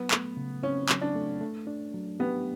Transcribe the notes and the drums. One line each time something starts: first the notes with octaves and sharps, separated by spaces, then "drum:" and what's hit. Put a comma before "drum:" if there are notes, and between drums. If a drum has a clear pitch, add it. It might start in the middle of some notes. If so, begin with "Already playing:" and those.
Already playing: F#3 B3
A3, drum: clap
C#3
C4 C#4
F#3, drum: clap
D4
A3
A3
D4
F#3
B3 G4